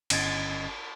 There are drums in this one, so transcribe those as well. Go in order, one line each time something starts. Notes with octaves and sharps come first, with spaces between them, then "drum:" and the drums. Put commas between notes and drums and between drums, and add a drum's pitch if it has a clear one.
G1 C#4 D#5 G#6 A6, drum: cymbal